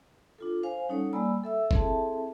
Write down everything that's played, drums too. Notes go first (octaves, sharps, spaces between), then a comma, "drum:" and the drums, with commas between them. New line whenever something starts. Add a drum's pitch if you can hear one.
D4 F4 A4
C5 F5 G#5
G3 C#4 D#4 A4 C#5 F#5
G3 A#3 D5 G#5 B5 E6
A4 E5 E6
C4 E4 G#4 A4 E5 A5, drum: kick F#1